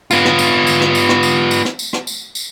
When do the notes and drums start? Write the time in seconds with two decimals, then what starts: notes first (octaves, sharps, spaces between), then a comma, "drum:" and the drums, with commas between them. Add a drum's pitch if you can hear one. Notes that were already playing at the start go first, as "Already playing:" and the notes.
0.11 B3 F4, drum: tambourine
0.25 drum: rim click
0.39 drum: tambourine
0.67 drum: tambourine
0.81 drum: rim click
0.95 drum: tambourine
1.09 drum: rim click
1.23 drum: tambourine
1.51 drum: tambourine
1.65 drum: rim click
1.79 drum: tambourine
1.93 drum: rim click
2.07 drum: tambourine
2.35 drum: tambourine